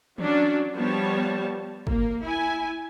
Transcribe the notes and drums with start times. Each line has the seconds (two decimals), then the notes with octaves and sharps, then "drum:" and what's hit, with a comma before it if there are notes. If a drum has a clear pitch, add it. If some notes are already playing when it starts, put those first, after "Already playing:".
0.18 F#3 C#4 D4 D5, drum: tom D#3
0.74 F3 G3 B3 C#5 A5
1.87 A#3, drum: kick
2.23 E4 G#5